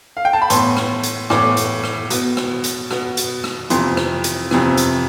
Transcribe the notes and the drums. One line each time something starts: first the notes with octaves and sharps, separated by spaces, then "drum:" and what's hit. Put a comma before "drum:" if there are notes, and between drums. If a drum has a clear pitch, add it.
F5
G5
A5
B5
A2 E3 B3 C6, drum: hi-hat
drum: rim click
drum: hi-hat
A2 E3 B3 D6, drum: rim click
drum: hi-hat
drum: rim click
B2 B3, drum: hi-hat
drum: rim click
drum: hi-hat
B2 B3, drum: rim click
drum: hi-hat
drum: rim click
F2 C3 E3 C6, drum: hi-hat
drum: rim click
drum: hi-hat
F2 C3 E3, drum: rim click
drum: hi-hat